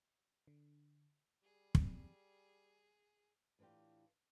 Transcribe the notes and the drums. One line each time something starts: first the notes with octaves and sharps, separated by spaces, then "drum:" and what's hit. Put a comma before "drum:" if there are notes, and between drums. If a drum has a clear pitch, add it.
D3
G3 G#4
drum: kick
A2 E3 D4 F4 G4